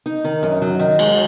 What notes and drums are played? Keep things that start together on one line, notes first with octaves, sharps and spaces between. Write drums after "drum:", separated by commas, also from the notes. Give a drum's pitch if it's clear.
D#4
D#3
F#2
F#3
D#3
G#3, drum: cymbal